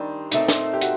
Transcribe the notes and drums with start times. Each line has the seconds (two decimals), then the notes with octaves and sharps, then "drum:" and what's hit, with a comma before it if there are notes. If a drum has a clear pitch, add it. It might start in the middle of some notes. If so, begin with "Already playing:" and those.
Already playing: D#3 G3 C4 D4 D#4
0.32 A#2 A3 C4 D#4, drum: hi-hat
0.48 drum: snare
0.73 G4
0.81 F#4, drum: hi-hat